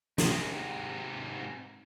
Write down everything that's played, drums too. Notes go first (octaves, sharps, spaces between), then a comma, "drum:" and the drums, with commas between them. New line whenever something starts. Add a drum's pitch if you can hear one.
G#2 C3, drum: snare